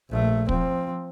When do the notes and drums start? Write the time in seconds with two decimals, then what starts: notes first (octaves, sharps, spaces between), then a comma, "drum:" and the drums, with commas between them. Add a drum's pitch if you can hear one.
0.10 A#1 A3
0.49 F3 C4, drum: kick